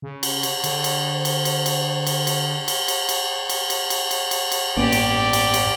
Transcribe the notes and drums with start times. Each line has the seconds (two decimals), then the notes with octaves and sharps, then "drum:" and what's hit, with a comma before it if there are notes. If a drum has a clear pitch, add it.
0.02 C#3
0.23 drum: cymbal
0.43 drum: cymbal
0.64 D3, drum: cymbal
0.84 drum: cymbal
1.13 C5
1.25 drum: cymbal
1.45 drum: cymbal
1.66 drum: cymbal
2.07 drum: cymbal
2.27 drum: cymbal
2.68 drum: cymbal
2.88 drum: cymbal
3.09 drum: cymbal
3.49 drum: cymbal
3.70 drum: cymbal
3.90 drum: cymbal
4.11 drum: cymbal
4.31 drum: cymbal
4.52 drum: cymbal
4.77 A1 G2 A#3 B3 C#4 G4 D5
4.92 drum: cymbal
5.33 drum: cymbal
5.54 drum: cymbal